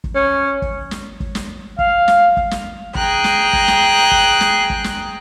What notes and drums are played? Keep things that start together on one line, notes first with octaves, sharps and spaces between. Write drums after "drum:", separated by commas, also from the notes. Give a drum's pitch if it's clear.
drum: kick
C#4
drum: kick
drum: snare
drum: kick
drum: snare
F5, drum: kick
drum: snare
drum: kick
drum: snare
G#4 G5 A#5 F#6, drum: kick
drum: snare
drum: kick
drum: snare
drum: kick
drum: snare
drum: kick
drum: snare